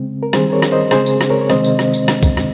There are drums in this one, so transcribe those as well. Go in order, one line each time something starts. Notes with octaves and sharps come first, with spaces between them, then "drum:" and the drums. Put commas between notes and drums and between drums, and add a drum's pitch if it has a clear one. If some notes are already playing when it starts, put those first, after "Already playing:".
Already playing: C#3 G#3 C4
A#4
D#3 G3 C4 G#4 C5, drum: rim click
A#4 C#5
drum: rim click
C5 D#5
C#3 G#3 C4 G#4 C5, drum: rim click
drum: tambourine
drum: rim click
A#4 C#5
C#5
C3 D#3 G#3 C4 C5 D#5, drum: rim click
drum: tambourine
drum: rim click
drum: tambourine
drum: rim click
drum: kick, tambourine
drum: rim click